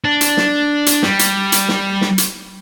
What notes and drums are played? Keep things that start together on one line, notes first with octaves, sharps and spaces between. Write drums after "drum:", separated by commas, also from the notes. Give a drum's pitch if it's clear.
D4
drum: hi-hat
drum: snare
drum: hi-hat
G3, drum: snare
drum: hi-hat
drum: hi-hat
drum: snare
drum: snare
drum: hi-hat